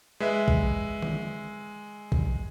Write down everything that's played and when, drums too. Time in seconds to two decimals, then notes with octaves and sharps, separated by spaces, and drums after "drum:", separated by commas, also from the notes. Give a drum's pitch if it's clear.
0.20 G#3 B4 E5
0.48 drum: kick A#1
1.02 drum: tom
2.12 drum: kick A#1